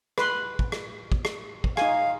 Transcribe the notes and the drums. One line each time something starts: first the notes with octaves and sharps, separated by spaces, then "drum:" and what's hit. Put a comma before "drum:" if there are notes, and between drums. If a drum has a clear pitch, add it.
B4 C6, drum: rim click
drum: kick
drum: rim click
drum: kick
drum: rim click
drum: kick
D#4 F5 G#5, drum: rim click